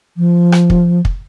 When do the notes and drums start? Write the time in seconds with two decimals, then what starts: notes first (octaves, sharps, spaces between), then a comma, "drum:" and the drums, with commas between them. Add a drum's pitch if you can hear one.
0.17 F3
0.52 drum: rim click
0.70 drum: kick
1.05 drum: kick